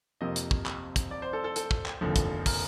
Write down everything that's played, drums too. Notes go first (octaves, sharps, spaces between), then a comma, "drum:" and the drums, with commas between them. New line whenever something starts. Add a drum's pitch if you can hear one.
F2 C3 F3 A#3 D#5
drum: hi-hat
drum: kick
drum: clap
drum: kick, hi-hat
D5
C5
A4
A4
A4, drum: hi-hat
drum: kick
drum: clap
F1 D#2 D3 F3
drum: kick, hi-hat
A#4, drum: kick, open hi-hat